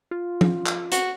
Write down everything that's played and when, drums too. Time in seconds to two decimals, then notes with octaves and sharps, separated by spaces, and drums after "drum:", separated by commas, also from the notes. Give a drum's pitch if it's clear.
0.11 F4
0.41 drum: tom F3
0.66 drum: clap
0.92 F#4, drum: hi-hat